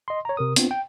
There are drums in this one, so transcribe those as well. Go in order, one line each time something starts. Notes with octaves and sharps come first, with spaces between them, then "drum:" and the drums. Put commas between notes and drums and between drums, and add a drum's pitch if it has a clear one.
D#5 C6
C#5 A#5
C3 A#4 D#6
B3 C4 D4 F4, drum: hi-hat
G5